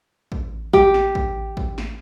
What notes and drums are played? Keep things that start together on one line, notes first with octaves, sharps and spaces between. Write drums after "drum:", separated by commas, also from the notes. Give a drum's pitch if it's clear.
drum: kick
G4, drum: kick
drum: snare
drum: kick
drum: kick
drum: snare